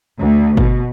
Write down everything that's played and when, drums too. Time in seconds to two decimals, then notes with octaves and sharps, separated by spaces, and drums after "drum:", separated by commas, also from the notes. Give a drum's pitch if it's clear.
0.20 D2
0.57 B2, drum: kick G1